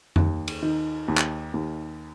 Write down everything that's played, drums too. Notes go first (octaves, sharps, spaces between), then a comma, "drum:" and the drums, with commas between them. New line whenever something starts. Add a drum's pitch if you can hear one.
D#2, drum: tom F2
drum: cymbal
D#3
D#2
drum: clap
D#2